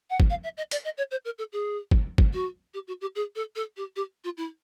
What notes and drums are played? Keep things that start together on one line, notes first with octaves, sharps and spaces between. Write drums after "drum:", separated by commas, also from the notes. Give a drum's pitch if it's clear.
F#5
drum: kick
F5
E5
D#5
D5, drum: hi-hat
D#5
C#5
C5
A#4
A4
G#4
drum: kick
drum: kick
F#4
G4
F#4
G4
G#4
A4
A4
G4
G4
F4
E4